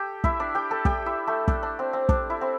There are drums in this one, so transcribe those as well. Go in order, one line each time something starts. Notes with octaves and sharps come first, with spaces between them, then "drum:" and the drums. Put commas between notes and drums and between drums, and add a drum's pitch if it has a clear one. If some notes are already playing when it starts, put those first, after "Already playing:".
Already playing: G4 A4 G5 A5
E4 E5, drum: kick
D4 D5
G4 G5
A4 A5
G4 G5, drum: kick
E4 E5
A3 A4
D4, drum: kick
D4
C4
C4
D4, drum: kick
E4
C4